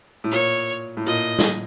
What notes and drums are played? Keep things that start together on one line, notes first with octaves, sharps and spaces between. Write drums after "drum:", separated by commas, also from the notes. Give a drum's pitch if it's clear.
A2
A#2 C#5
A2
A#2 D#5
drum: snare